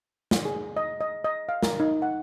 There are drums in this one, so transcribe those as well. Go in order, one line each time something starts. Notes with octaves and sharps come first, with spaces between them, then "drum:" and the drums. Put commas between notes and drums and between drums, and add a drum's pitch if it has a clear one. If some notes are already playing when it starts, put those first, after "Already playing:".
drum: snare
G#4
D#5
D#5
D#5
F5
A#4, drum: snare
D#4
F#5